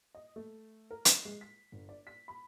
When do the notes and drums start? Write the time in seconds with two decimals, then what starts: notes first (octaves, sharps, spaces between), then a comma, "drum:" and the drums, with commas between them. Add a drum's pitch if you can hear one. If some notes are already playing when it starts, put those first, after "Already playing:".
0.15 D#5
0.36 A3
0.91 A#4
1.05 C7, drum: hi-hat
1.25 G#3
1.41 B6
1.72 G1
1.89 D5
2.07 B6
2.28 B5